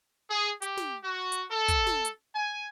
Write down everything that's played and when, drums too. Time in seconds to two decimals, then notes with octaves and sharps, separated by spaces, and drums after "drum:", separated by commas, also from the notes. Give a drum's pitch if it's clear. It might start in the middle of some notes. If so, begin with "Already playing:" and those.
0.30 G#4
0.62 G4, drum: hi-hat
0.77 drum: snare
1.04 F#4
1.32 drum: hi-hat
1.50 A4
1.68 drum: kick, hi-hat
1.87 drum: snare
2.05 drum: hi-hat
2.34 G#5